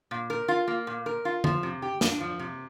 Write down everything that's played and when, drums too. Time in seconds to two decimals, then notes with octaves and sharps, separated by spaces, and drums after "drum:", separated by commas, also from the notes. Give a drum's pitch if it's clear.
0.11 A#2
0.30 A#4
0.48 F4
0.68 A#3
0.87 A#2
1.06 A#4
1.25 F4
1.44 F3, drum: tom D3
1.63 C3
1.82 G4
2.01 D4, drum: snare
2.20 F3
2.39 C3